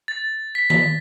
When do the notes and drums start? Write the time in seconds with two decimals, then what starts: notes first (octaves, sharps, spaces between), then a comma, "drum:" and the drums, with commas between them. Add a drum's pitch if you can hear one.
0.08 A6
0.55 B6
0.70 B6, drum: tom D#3